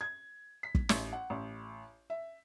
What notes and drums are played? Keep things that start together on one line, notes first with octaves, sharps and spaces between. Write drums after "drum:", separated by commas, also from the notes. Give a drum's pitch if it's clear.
G#6
B6
drum: kick
A1, drum: snare
F#5
A1
E5